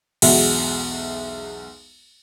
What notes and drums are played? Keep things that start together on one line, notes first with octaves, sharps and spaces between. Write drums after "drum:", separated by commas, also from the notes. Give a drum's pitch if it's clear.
B1 E2 G#3 F#4 E5, drum: cymbal